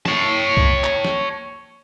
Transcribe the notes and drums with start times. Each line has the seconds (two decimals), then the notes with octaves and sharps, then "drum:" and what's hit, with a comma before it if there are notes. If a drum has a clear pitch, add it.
0.05 C#5 A5, drum: snare
0.57 drum: kick C2
0.84 drum: clap
1.05 drum: snare